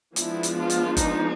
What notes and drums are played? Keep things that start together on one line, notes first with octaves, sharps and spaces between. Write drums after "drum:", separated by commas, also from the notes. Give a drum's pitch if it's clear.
F3 G#3 B3 D4 E4, drum: hi-hat
drum: hi-hat
F4
drum: hi-hat
D#4, drum: kick G1, hi-hat